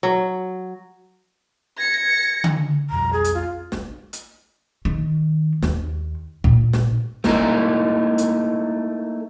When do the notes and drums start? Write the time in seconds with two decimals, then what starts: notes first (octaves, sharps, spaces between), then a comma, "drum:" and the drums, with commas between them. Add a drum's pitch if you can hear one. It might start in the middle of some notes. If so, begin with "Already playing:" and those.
0.03 F#3
1.78 G#6 A#6 C#7
2.44 drum: tom D3
2.90 B1 F2 G3 A#5
3.13 G#4
3.24 drum: hi-hat
3.34 F4
3.72 drum: snare
4.13 drum: hi-hat
4.85 D#3
5.62 D#2, drum: snare
6.44 A#2, drum: kick
6.73 drum: snare
7.24 A3 A#3 D#4 E4 A#4, drum: snare
8.18 drum: hi-hat